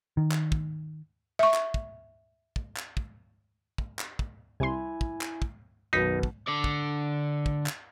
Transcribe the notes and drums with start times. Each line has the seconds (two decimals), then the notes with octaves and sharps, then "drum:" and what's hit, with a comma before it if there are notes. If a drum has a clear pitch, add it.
0.17 D#3
0.31 drum: clap
0.52 drum: kick
1.39 E5 C#6
1.54 drum: clap
1.74 drum: kick
2.56 drum: kick
2.76 drum: clap
2.97 drum: kick
3.78 drum: kick
3.99 drum: clap
4.19 drum: kick
4.60 C2 E4 G#5 C6 G#6
5.01 drum: kick
5.21 drum: clap
5.42 drum: kick
5.93 B1 F#2 B2 D#3 D#4 B4 B6
6.23 drum: kick
6.47 D3 D5
6.64 drum: kick
7.46 drum: kick
7.66 drum: clap